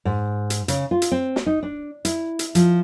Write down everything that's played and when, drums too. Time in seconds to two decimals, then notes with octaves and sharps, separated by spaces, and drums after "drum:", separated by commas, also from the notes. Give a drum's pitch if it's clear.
0.05 G#2
0.50 drum: hi-hat
0.68 C#3, drum: hi-hat
0.91 F4
1.02 drum: hi-hat
1.11 C4
1.36 drum: snare
1.46 D#4
1.63 D4
2.05 E4, drum: hi-hat
2.39 drum: hi-hat
2.55 F3, drum: hi-hat